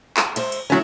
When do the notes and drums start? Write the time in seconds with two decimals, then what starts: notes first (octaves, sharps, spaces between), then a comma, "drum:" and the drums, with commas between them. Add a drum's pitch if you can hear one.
0.17 drum: clap
0.36 G#3 C5 E5, drum: cymbal
0.52 drum: cymbal
0.70 F#3 A3 C#4 E4